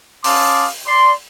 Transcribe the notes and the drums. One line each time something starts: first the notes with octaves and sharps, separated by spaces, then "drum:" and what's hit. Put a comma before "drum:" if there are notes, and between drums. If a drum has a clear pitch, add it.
C#4 F5 A5 C6 D6 D#6, drum: open hi-hat
D5 C6